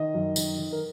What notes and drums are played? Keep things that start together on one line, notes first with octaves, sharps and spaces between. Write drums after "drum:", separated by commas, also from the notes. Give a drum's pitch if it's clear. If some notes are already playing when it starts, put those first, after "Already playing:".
Already playing: D#3 D#5
F#2
D#3, drum: tambourine
D#3
A#4